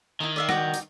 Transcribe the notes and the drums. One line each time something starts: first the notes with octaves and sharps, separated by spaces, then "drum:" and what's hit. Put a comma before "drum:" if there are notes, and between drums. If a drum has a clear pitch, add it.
D#3 E4 D#6
D5 E5 F5
F#4 D5 G5, drum: rim click
drum: hi-hat